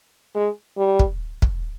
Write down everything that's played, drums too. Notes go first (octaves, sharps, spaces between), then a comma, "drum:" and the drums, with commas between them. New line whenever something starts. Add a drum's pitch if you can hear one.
G#3
G3
drum: kick
drum: kick